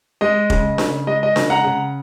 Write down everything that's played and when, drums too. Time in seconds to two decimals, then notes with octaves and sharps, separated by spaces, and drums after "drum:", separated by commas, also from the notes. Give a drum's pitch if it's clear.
0.21 G#3 D#5
0.50 C#3, drum: kick F1
0.78 C#3, drum: snare D4
1.07 G#3 D#5
1.23 D#5
1.36 C#3, drum: snare D4
1.50 F#5 A#5
1.64 C#3